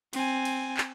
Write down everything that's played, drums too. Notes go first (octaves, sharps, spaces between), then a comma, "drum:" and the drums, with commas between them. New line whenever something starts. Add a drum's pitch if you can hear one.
C4 G#5, drum: cymbal
drum: cymbal
drum: clap